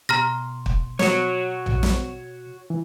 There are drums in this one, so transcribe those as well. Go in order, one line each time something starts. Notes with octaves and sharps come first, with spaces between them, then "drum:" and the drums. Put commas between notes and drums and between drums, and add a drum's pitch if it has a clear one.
B2 A#5 C6 F6 A#6
drum: kick
F#4 C#5, drum: snare
drum: tom A#1
drum: snare
E3